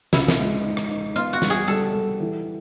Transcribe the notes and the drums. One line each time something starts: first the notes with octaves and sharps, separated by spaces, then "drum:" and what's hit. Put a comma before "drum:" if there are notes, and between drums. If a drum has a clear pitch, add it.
C#2 E4, drum: snare
drum: snare
G#3
D#4
drum: rim click
D#4
B3 F4
F#4
G3, drum: snare
G#4
G3 A4
G3
E3